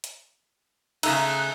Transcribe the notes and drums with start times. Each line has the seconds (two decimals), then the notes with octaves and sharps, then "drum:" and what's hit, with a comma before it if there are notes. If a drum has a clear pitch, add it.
0.04 drum: hi-hat
1.03 C#3 A3 D#4 A#5 E6 F#6, drum: cymbal